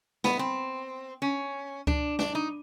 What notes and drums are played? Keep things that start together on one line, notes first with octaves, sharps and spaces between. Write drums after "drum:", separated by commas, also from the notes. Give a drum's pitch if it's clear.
B3, drum: snare
C4
C#4
D4, drum: kick C#2
D4, drum: snare
D#4